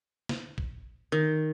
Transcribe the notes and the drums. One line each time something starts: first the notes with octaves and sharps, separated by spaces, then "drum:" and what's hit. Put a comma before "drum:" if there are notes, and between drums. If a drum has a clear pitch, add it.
drum: snare
drum: kick A#1
D#3